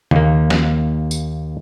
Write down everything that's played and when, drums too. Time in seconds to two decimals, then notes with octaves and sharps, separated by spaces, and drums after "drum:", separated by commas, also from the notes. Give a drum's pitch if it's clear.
0.11 D#2 A#3, drum: tom C#3
0.50 drum: snare
1.11 drum: tambourine